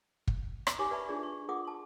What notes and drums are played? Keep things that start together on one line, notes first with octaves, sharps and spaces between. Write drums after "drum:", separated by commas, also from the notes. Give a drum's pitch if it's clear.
drum: kick
drum: rim click
D#4 G4 C#5 G#5 C#6 D6
B4 D5 E5 A5 B5 C#6
D4 F4 G#4 D5
C#6
F4 G#4 F#5 D6 D#6
A5 C6